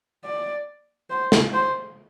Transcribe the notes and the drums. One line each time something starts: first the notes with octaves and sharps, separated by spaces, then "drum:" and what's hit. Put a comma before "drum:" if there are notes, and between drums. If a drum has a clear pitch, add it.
D5
C5
drum: snare
C5